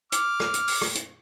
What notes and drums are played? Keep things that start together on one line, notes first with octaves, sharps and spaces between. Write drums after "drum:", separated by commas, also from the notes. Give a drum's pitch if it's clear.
D6 F6, drum: hi-hat
drum: rim click
drum: hi-hat
drum: open hi-hat
drum: rim click
drum: hi-hat